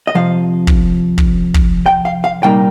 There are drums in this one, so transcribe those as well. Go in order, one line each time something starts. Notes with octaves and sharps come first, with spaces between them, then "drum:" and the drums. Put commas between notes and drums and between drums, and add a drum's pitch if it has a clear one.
D#5
F2 C3 F3 F5
drum: kick
drum: kick
drum: kick
G5
F5
F5
C2 A#2 G3 A#3 D#4 G5